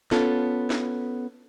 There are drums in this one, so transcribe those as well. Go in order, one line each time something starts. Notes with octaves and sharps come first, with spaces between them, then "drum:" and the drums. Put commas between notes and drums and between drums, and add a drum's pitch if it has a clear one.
B3 C#4 F4 A4, drum: snare
drum: snare